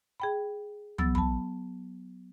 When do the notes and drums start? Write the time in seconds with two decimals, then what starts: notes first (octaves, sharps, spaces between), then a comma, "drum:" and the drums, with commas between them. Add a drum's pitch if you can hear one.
0.20 G#4 G5 B5
0.98 F#3 B3 E6 A6, drum: tom
1.15 A5 B5, drum: tom